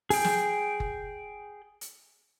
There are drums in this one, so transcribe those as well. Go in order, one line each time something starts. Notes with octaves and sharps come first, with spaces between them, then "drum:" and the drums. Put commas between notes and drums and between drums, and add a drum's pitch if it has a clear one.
G#4 G5, drum: open hi-hat
drum: snare
drum: kick F#1
drum: hi-hat